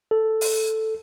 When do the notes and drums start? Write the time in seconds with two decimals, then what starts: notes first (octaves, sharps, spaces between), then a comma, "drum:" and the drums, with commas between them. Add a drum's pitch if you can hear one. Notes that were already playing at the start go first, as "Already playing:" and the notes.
0.11 A4
0.41 drum: open hi-hat